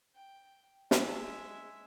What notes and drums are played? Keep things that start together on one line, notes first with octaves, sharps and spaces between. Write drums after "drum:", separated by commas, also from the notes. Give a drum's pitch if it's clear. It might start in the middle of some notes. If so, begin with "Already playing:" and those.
G5
G#3 E5, drum: snare